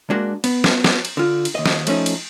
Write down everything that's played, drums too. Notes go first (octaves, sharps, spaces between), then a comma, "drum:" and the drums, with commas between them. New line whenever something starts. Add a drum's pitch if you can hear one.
G#3 A#3 D4 F#4
B3, drum: cymbal
drum: snare
drum: snare
drum: cymbal
D3 F4
drum: cymbal
D#2 D#5
drum: snare
F3 A3 C#4 D#4, drum: cymbal
drum: cymbal